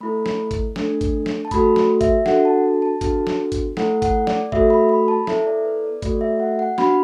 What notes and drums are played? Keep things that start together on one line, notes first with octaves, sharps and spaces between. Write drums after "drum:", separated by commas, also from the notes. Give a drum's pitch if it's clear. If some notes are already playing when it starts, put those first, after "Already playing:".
A3 E4 A4 B5
drum: snare
drum: kick, hi-hat
A3 D4 A4, drum: snare
drum: kick, hi-hat
drum: snare
A5
A3 F#4 A4 B5, drum: kick, hi-hat
drum: snare
E5, drum: kick, hi-hat
D4 F#4 A4 F#5, drum: snare
A5
A5
B3 D4 F#4 A4 A5, drum: kick, hi-hat
drum: snare
drum: kick, hi-hat
A3 E4 A4 F#5, drum: snare
F#5, drum: kick, hi-hat
D5, drum: snare
A3 F#4 A4 E5, drum: kick
B5
B5
A5
B3 E4 A4 E5, drum: snare
D5
B4
D5
A3 F#4 A4 D5, drum: kick, hi-hat
E5
F#5
F#5
B3 D4 F#4 B5, drum: snare